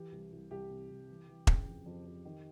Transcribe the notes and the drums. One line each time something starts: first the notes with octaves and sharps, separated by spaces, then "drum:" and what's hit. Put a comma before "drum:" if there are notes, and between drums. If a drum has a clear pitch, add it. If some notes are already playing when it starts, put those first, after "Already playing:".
Already playing: E3 G4
C2
C2
C2 G4
C3
C2
E3
E3
C#3, drum: kick E1
F2
F2
F2
D#3